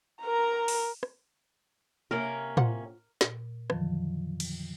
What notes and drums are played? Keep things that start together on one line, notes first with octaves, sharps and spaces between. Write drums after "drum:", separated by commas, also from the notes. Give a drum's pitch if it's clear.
A#4 A#5
drum: open hi-hat
drum: rim click
C3 A#3 C#4 A#4
F4 C5 F#5, drum: tom A2
A#2, drum: snare
F2 D3 D#3 F3 F#3, drum: rim click
drum: cymbal